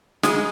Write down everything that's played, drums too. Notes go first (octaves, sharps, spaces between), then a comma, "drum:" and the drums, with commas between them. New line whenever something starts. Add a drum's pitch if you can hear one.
G#3, drum: snare